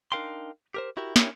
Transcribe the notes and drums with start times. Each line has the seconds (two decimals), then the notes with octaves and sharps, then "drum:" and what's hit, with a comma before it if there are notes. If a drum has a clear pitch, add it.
0.12 D4 D#4 A#4 F5 G5 C6
0.74 G4 A#4 C5
0.97 E4 F#4 G4 A#4 E5
1.16 C#4 D4 E4 G4 A#4 C#5, drum: snare